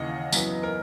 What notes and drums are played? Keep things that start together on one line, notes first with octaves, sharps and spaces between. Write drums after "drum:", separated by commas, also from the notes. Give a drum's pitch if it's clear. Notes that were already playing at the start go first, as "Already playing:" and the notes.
Already playing: D#2 C#3 E3 D#5 F#5
F#2 E3 B3, drum: tambourine
A#4